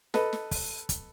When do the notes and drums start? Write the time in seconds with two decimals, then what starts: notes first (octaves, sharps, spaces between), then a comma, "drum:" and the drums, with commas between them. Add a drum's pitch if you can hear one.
0.14 A4 B4 D#5, drum: snare
0.33 drum: snare
0.51 drum: kick, open hi-hat
0.89 drum: kick, hi-hat